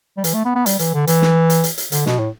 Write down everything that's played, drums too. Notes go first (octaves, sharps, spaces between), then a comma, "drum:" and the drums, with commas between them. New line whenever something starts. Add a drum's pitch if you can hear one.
G3
E3, drum: hi-hat
A3
B3
B3
G3, drum: hi-hat
E3, drum: hi-hat
D3
E3, drum: hi-hat
drum: snare
drum: hi-hat
drum: hi-hat
drum: hi-hat
D3, drum: hi-hat
B2, drum: snare
A2